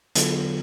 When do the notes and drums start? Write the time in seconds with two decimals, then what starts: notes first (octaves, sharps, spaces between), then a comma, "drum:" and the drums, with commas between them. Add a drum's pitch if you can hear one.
0.15 D3 F#3 B3 F4 A4, drum: hi-hat